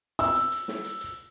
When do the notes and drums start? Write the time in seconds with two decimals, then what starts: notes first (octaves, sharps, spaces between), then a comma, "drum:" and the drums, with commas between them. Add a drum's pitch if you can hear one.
0.19 E6, drum: hi-hat
0.35 drum: hi-hat
0.52 drum: hi-hat
0.68 drum: snare
0.84 drum: hi-hat
1.01 drum: hi-hat